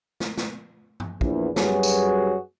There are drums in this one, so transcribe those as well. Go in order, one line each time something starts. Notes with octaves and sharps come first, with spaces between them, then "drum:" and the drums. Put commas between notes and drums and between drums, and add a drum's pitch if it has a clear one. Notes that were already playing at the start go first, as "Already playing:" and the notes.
drum: snare
drum: snare
drum: tom
A#1 E2 E3, drum: kick
F#2 G3 F#4 G#4 B4 C#5, drum: snare
drum: tambourine